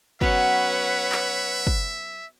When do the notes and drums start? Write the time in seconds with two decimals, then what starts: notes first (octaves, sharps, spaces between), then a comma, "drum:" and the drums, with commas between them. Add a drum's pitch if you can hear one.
0.21 F#3 B3 C#4 B4 C#5 E5 F#5, drum: kick
1.12 drum: clap
1.67 drum: kick